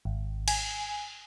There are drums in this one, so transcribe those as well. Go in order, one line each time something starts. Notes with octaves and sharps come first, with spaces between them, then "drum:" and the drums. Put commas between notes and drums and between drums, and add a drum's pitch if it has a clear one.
G#1
G#5, drum: cymbal